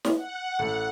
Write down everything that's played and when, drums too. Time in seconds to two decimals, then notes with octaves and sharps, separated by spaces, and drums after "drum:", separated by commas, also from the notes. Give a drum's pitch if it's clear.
0.05 drum: snare
0.16 F#5
0.59 A1 A4 A5